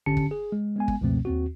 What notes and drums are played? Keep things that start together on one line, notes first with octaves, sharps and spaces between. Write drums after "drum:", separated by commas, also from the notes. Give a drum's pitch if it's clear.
G1 D3 C#4 G4 A5 C#7
drum: kick
G#4
G#3
G#3 B3 G#5
drum: kick
C#2 F#2 B2 F3 A3 C4
D#2 C4 F#4